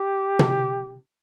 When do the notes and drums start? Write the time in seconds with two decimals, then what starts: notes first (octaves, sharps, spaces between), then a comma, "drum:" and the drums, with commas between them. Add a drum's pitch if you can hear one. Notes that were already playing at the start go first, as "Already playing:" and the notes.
Already playing: G4
0.39 drum: tom